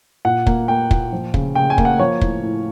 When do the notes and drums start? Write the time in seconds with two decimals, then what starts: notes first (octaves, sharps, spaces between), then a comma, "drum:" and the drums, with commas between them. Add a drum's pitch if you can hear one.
0.25 A#2 F#5
0.47 A#3, drum: kick
0.68 A#3 G5
0.91 A#2, drum: kick
1.12 F3
1.34 C#3, drum: kick
1.55 C#3 G5
1.70 G#5
1.78 A#3, drum: kick
1.85 F#5
1.99 F3 C#5
2.21 A2, drum: kick
2.43 A2